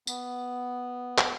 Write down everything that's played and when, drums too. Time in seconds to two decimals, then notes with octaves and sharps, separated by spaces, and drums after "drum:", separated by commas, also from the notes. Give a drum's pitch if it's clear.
0.07 B3, drum: tambourine
1.18 drum: clap